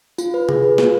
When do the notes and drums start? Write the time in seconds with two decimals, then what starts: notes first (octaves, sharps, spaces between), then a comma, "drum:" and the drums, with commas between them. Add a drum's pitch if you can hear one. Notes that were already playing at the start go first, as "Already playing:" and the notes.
0.18 F4, drum: tambourine
0.34 B4
0.49 G#4, drum: tom
0.64 B4
0.78 F4, drum: snare